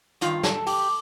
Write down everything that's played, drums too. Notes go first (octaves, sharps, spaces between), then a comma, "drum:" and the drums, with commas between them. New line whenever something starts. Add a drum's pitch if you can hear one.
G2 D#3 F4, drum: hi-hat
A4, drum: snare
G4, drum: open hi-hat